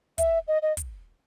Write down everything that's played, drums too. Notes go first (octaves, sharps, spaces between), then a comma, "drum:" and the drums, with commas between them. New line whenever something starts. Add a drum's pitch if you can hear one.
E5, drum: kick, hi-hat
D#5
D#5
drum: kick, hi-hat